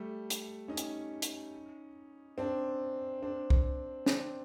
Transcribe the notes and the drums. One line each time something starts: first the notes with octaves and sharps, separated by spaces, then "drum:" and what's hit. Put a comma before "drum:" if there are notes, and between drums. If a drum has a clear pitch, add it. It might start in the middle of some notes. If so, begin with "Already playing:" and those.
Already playing: G3 A3
drum: hi-hat
C#4 D#4
drum: hi-hat
drum: hi-hat
C4 D4
C4 D4
drum: kick C2
C4 D4, drum: snare